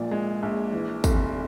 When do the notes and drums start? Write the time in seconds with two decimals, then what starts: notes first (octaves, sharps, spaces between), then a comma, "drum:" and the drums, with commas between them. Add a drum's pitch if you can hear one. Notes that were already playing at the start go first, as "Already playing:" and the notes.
Already playing: A#1 A#2 F3 G#3 D5
0.11 G#3
0.43 A#1
0.73 E3
1.04 F1, drum: kick, tambourine